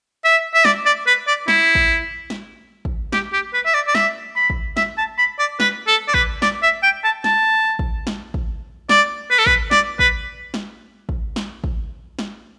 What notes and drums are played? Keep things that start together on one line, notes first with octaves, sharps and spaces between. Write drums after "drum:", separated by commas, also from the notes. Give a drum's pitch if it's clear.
E5
E5
D5, drum: snare
D5
B4
D5
E4, drum: snare
drum: kick
drum: snare
drum: kick
G4, drum: snare
G4
B4
E5
D5
D5
E5, drum: snare
B5
drum: kick
E5, drum: snare
A5
B5
D5
B4, drum: snare
A4
D5
B4, drum: kick
D5, drum: snare
E5
G5
A5
A5, drum: snare
drum: kick
drum: snare
drum: kick
D5, drum: snare
B4
A4
B4, drum: kick
D5, drum: snare
B4, drum: kick
drum: snare
drum: kick
drum: snare
drum: kick
drum: snare